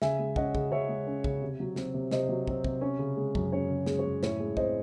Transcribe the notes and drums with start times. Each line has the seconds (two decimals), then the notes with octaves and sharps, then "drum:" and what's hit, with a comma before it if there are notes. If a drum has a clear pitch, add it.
0.02 C#3 E5 G#5, drum: snare
0.19 G#3
0.36 C#4 D#5 F#5, drum: kick
0.55 C#3, drum: kick
0.72 C#3 C#5 E5
0.89 G#3
1.07 C#4
1.24 C#3, drum: kick
1.42 C3
1.60 F#3
1.76 C4, drum: snare
1.94 C3
2.11 C3 C5 D#5, drum: snare
2.29 F#3
2.47 C4, drum: kick
2.64 C3, drum: kick
2.81 C#4
2.99 C#3
3.17 G#3
3.35 F#2, drum: kick
3.53 C#4 C#5
3.69 C#3
3.86 G#3, drum: snare
3.99 C#5
4.05 F#2
4.23 A2 C#5, drum: snare
4.40 G#3
4.57 C4 C5 D#5, drum: kick